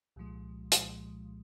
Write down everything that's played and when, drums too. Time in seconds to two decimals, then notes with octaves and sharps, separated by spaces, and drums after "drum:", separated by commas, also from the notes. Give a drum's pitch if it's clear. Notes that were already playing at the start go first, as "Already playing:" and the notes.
0.16 C2 A#2 F3 G#3
0.72 C2 A#2 F3 G#3, drum: hi-hat